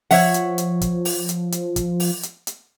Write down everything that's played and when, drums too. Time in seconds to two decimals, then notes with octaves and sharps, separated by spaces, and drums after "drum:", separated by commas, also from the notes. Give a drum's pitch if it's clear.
0.11 F3 C#5 E5 F#5, drum: open hi-hat
0.34 drum: hi-hat
0.58 drum: hi-hat
0.81 drum: kick, hi-hat
1.05 drum: open hi-hat
1.29 drum: hi-hat
1.52 drum: hi-hat
1.76 drum: kick, hi-hat
2.00 drum: open hi-hat
2.23 drum: hi-hat
2.47 drum: hi-hat